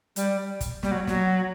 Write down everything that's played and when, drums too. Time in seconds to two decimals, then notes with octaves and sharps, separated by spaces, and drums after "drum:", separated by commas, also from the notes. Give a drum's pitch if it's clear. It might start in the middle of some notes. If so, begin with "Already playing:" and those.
0.16 G3, drum: hi-hat
0.61 drum: kick, hi-hat
0.83 G3, drum: snare
0.91 F#3
1.07 F#3, drum: snare